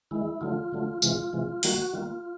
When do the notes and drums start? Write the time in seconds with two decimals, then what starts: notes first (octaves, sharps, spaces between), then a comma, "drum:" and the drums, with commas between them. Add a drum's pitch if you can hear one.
0.11 D#3 G#3 E4
0.41 D3 F#3 A3 F4
0.72 D3 F#3 A3
1.02 C3 E3 G#3 F4, drum: tambourine
1.33 C3 E3 G#3
1.63 D#3 G3 A#3 F#4, drum: open hi-hat
1.93 D#3 G3 A#3 F4